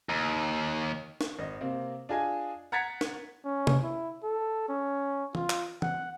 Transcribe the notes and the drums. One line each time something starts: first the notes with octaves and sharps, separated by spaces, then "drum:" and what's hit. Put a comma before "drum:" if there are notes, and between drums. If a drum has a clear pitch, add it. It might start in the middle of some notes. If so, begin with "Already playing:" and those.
D#2
drum: snare
G#1 D#5
C3 A#3 C4
D4 F4 G#4 D#5 G#5
F#5 A#5 G#6 A6 B6 C#7
drum: snare
C#4
drum: tom
E4
A4
C#4
F4, drum: tom E3
drum: clap
F#5, drum: tom E3